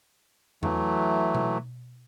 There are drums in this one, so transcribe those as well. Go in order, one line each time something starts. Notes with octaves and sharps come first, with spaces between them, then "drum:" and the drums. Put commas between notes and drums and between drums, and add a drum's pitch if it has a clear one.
E3 F#3 A3, drum: tom E2
drum: tom B2